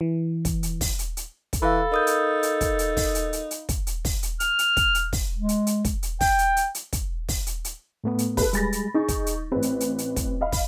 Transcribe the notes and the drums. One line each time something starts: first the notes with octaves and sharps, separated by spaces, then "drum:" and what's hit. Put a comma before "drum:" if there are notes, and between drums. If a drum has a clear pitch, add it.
E3
drum: kick, hi-hat
drum: hi-hat
drum: kick, open hi-hat
drum: hi-hat
drum: hi-hat
drum: kick, hi-hat
E3 A4 F5 B5
D#4 A#4 D#6 G6
drum: hi-hat
drum: hi-hat
drum: kick, hi-hat
drum: hi-hat
drum: kick, open hi-hat
drum: hi-hat
drum: hi-hat
drum: hi-hat
drum: kick, hi-hat
drum: hi-hat
drum: kick, open hi-hat
drum: hi-hat
F6, drum: hi-hat
drum: hi-hat
drum: kick, hi-hat
drum: hi-hat
drum: kick, open hi-hat
G#3
drum: hi-hat
drum: hi-hat
drum: kick, hi-hat
drum: hi-hat
G5, drum: kick, open hi-hat
drum: hi-hat
drum: hi-hat
drum: hi-hat
drum: kick, hi-hat
drum: kick, open hi-hat
drum: hi-hat
drum: hi-hat
A2 A3 B3
drum: hi-hat
A4 B4, drum: kick, open hi-hat
G3 G#3 G#4 B5 A6 A#6, drum: hi-hat
drum: hi-hat
D#4 G#4 C#6
drum: kick, hi-hat
drum: hi-hat
A1 C4 B4
drum: hi-hat
drum: hi-hat
drum: hi-hat
drum: kick, hi-hat
D#5 F5 B5
drum: kick, open hi-hat